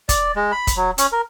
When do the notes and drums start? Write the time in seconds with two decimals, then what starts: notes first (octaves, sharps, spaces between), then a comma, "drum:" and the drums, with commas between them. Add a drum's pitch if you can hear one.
0.09 D5, drum: kick, hi-hat
0.36 G#3
0.52 B5
0.67 drum: kick, hi-hat
0.76 F#3
0.98 C#4, drum: hi-hat
1.12 A#4